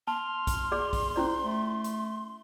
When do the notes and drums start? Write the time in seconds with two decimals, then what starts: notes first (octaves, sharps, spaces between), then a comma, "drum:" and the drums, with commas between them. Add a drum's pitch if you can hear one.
0.07 A5 C6 F6
0.47 drum: kick A#1, hi-hat
0.72 G#4 D5
0.93 drum: kick A#1, open hi-hat
1.16 C#4 E4 C5 D5
1.44 A3
1.84 drum: hi-hat